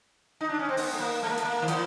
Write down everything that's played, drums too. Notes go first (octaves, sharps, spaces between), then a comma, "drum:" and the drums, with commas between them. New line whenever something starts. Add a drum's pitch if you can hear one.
D#4
D4
C#4
C4
B3, drum: open hi-hat
A3
A#3
A3
A#3
A3, drum: hi-hat
A#3
D#3
E3, drum: hi-hat